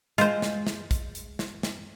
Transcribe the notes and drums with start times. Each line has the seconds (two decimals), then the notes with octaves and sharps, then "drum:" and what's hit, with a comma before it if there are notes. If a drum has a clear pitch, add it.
0.18 G#3 F4 C5, drum: hi-hat
0.42 drum: snare
0.67 drum: snare
0.91 drum: kick, hi-hat
1.15 drum: hi-hat
1.39 drum: snare
1.63 drum: snare